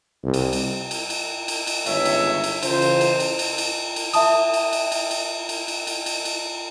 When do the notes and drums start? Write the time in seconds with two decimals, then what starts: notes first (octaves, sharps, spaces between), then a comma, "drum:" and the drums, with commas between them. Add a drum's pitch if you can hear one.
0.24 C2
0.34 drum: cymbal
0.53 drum: cymbal
0.91 drum: cymbal
1.10 drum: cymbal
1.48 drum: cymbal
1.67 drum: cymbal
1.86 G1 C#2 D#3 G#3 C#5 E5, drum: cymbal
2.05 drum: cymbal
2.44 drum: cymbal
2.63 C#3 E3 F4 C5, drum: cymbal
2.82 drum: cymbal
3.01 drum: cymbal
3.20 drum: cymbal
3.39 drum: cymbal
3.58 drum: cymbal
3.96 drum: cymbal
4.13 E5 A5 D#6, drum: cymbal
4.54 drum: cymbal
4.73 drum: cymbal
4.92 drum: cymbal
5.11 drum: cymbal
5.49 drum: cymbal
5.68 drum: cymbal
5.87 drum: cymbal
6.06 drum: cymbal
6.25 drum: cymbal